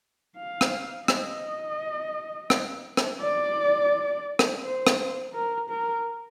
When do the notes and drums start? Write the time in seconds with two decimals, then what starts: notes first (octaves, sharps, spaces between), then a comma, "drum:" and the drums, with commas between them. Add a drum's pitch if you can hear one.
0.37 F5
0.61 drum: rim click
1.08 D#5, drum: rim click
2.50 drum: rim click
2.97 drum: rim click
3.21 D5
4.39 drum: rim click
4.63 C5
4.87 drum: rim click
5.34 A#4
5.69 A#4